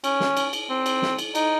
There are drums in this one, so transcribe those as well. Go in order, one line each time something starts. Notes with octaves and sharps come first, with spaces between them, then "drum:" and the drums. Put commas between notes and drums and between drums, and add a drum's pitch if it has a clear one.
C#4, drum: cymbal
drum: snare
drum: cymbal
drum: cymbal
C4
drum: cymbal
drum: snare
drum: cymbal
D#4, drum: cymbal